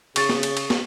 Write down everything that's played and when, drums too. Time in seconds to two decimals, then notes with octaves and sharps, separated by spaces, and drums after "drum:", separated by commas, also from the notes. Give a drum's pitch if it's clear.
0.16 C#3 G#4 C#6 A6, drum: cymbal
0.29 drum: snare
0.43 drum: cymbal
0.57 drum: cymbal
0.70 drum: snare